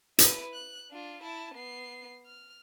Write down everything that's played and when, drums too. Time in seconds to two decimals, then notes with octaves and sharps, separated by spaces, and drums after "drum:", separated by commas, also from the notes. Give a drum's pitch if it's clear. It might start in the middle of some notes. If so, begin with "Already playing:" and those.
0.18 E4 B4, drum: hi-hat
0.53 F#6
0.91 D4 F4
1.22 E4 A5
1.55 B3 C7
2.25 F6